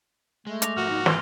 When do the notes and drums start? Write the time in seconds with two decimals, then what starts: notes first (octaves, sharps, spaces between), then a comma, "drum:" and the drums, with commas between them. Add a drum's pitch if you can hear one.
0.47 G#3 A3
0.62 D6 A#6 F7, drum: hi-hat
0.77 G#2 F3 A#3 F#4 D6 F6
0.89 D#4
1.06 E3 C6 G7, drum: snare